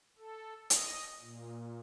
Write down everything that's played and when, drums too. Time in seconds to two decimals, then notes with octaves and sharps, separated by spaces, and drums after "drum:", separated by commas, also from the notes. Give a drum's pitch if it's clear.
0.17 A4
0.70 D#5, drum: hi-hat
1.20 A#2